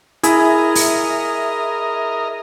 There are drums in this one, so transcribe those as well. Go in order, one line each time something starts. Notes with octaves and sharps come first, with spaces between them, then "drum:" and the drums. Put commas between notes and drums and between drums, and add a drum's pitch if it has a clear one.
E4 G#4 A#4 D#5 E5, drum: hi-hat
drum: open hi-hat